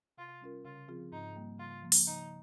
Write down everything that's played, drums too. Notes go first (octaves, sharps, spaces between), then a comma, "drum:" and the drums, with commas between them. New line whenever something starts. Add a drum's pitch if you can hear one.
C3 F4
G3 C#4 F4 A#4
C#3 F4
F3 C4 F4 G#4
G#2 D#4
G3 A#3
C#3 F4
F3 A#3
drum: open hi-hat
C#3 D#4